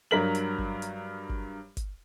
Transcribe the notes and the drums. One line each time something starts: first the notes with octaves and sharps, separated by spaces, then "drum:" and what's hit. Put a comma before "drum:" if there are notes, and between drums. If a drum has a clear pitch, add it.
G2 F#3 A#4 B6 F#7
drum: hi-hat
drum: kick G1
drum: hi-hat
drum: kick G1
drum: kick G1, hi-hat